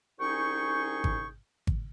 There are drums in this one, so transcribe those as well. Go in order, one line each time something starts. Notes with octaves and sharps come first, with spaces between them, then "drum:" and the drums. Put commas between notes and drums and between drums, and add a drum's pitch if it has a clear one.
C2 C#4 D#4 G#4 G5 C#6
drum: kick G#1
drum: kick G#1